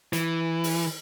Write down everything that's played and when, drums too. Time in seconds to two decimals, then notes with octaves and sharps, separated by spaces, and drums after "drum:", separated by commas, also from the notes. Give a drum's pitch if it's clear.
0.13 E3, drum: hi-hat
0.64 drum: open hi-hat